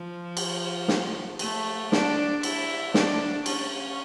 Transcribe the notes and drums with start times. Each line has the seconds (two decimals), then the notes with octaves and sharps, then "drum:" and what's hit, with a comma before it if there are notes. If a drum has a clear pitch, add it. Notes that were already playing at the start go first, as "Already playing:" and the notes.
Already playing: F3
0.37 drum: cymbal
0.88 drum: snare
1.39 A3, drum: cymbal
1.92 D4, drum: snare
2.43 E4, drum: cymbal
2.94 D4, drum: snare
3.46 C#4, drum: cymbal